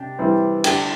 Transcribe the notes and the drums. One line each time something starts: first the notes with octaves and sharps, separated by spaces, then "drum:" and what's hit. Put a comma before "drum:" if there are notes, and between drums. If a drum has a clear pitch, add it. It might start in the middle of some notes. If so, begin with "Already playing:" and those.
Already playing: C3 D4 G4
E3 G3 C4 E4
D3 D4 G4, drum: cymbal